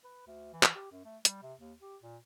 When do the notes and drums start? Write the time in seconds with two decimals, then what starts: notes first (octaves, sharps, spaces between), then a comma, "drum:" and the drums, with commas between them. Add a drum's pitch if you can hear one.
0.04 B4
0.27 D2
0.53 E3
0.63 drum: clap
0.75 G4
0.91 F#2
1.05 A3
1.25 G3, drum: hi-hat
1.42 C3
1.60 D#2
1.81 G4
2.03 A#2